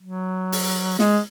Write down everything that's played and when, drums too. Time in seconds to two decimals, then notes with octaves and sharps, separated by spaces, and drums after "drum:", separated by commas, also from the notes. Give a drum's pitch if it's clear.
0.03 F#3
0.52 drum: open hi-hat
0.99 G#3, drum: snare